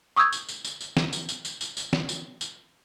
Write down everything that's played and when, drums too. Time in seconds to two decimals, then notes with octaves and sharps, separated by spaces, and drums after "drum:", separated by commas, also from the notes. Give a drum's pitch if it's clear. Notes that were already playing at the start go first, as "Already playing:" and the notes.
0.16 C#6 D#6 E6 G6 G#6
0.33 drum: tambourine
0.49 drum: tambourine
0.65 drum: tambourine
0.81 drum: tambourine
0.97 drum: snare
1.13 drum: tambourine
1.29 drum: tambourine
1.45 drum: tambourine
1.61 drum: tambourine
1.77 drum: tambourine
1.93 drum: snare
2.09 drum: tambourine
2.41 drum: tambourine